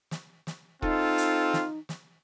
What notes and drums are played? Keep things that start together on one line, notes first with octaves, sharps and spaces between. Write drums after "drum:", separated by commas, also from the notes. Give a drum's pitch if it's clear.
drum: snare
drum: snare
C4 D#4 F4 A4, drum: kick
drum: hi-hat
drum: snare
drum: snare